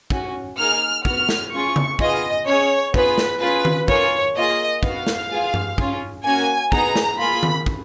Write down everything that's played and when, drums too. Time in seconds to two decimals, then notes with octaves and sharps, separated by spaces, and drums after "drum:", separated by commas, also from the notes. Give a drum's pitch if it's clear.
0.10 C#4 F#4, drum: kick
0.57 A#3 D#4 G#4 F6
1.05 B3 F#4 F6, drum: kick
1.29 drum: snare
1.52 C#4 F4 G#4 C#6
1.76 drum: tom C#3
1.99 B3 F4 G#4 D#5, drum: kick
2.47 C#4 G#4 C#5
2.94 B3 F4 G#4 B4, drum: kick
3.18 drum: snare
3.41 C#4 F4 G#4 B4
3.65 drum: tom D#3
3.88 A#3 F4 G#4 C#5, drum: kick
4.36 A#3 F4 G#4 D#5
4.83 B3 F#4 F5, drum: kick
5.07 drum: snare
5.30 B3 F4 G#4
5.54 drum: tom G2
5.78 C#4 F4 G#4, drum: kick
6.25 A#3 C#4 F#4 G#5
6.72 B3 D#4 G#4 A#5, drum: kick
6.96 drum: snare
7.19 A#3 F4 G#4 B5
7.43 drum: tom D#3
7.66 drum: kick